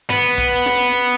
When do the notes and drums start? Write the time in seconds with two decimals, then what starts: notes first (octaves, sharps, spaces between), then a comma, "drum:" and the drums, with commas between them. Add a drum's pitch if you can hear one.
0.10 B3, drum: tom G2
0.38 drum: kick
0.66 drum: snare